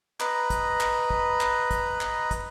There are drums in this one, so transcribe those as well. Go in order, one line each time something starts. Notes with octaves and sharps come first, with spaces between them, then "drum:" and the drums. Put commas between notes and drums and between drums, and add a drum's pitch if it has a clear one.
B4 D#5 A#5 B5, drum: clap
drum: kick, hi-hat
drum: clap
drum: kick
drum: clap
drum: kick, hi-hat
drum: clap
drum: kick, hi-hat